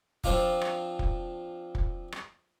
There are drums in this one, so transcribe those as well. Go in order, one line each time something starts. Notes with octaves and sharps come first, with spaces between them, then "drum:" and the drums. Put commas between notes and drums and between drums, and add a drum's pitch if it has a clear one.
F3 C4 D4 F4 D6, drum: kick
drum: rim click
drum: kick
drum: kick
drum: rim click